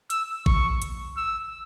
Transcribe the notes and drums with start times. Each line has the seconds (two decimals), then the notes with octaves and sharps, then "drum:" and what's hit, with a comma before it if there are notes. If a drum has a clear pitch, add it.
0.10 E6, drum: hi-hat
0.46 C#6, drum: kick A1
0.82 drum: hi-hat
1.17 E6